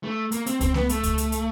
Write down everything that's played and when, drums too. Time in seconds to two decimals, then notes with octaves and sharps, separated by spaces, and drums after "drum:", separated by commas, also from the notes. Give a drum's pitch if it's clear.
0.03 A3
0.32 A#3, drum: hi-hat
0.46 C4, drum: hi-hat
0.61 C4, drum: kick C#2, hi-hat
0.74 B3, drum: snare A3
0.89 A3, drum: hi-hat
1.03 drum: kick C#2, hi-hat
1.18 drum: hi-hat
1.32 drum: hi-hat